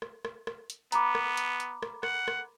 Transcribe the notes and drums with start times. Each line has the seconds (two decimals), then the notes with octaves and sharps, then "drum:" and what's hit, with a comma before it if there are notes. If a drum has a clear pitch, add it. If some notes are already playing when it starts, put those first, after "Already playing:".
0.02 drum: rim click
0.25 drum: rim click
0.47 drum: rim click
0.70 drum: hi-hat
0.92 B3 A#5 B5 D6, drum: hi-hat
1.15 drum: rim click
1.37 drum: hi-hat
1.60 drum: hi-hat
1.83 drum: rim click
2.03 F#5, drum: rim click
2.28 drum: rim click